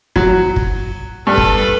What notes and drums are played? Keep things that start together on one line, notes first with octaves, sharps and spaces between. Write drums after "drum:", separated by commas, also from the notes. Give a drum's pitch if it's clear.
F#3, drum: kick
drum: kick
G2 A4 B4
drum: kick